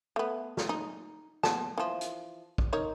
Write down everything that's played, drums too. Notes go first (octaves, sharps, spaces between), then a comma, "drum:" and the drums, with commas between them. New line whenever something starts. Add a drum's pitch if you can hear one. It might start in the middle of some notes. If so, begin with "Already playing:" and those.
A3 B3
drum: snare
D#4
B3 A5, drum: snare
E3 F3
drum: hi-hat
drum: kick
D#4 A#4 C#5